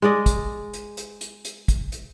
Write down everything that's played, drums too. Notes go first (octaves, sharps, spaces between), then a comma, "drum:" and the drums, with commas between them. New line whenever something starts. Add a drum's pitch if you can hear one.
G#3 G#4 D5 D#5
drum: kick, hi-hat
drum: hi-hat
drum: hi-hat
drum: hi-hat
drum: hi-hat
drum: kick, hi-hat
drum: hi-hat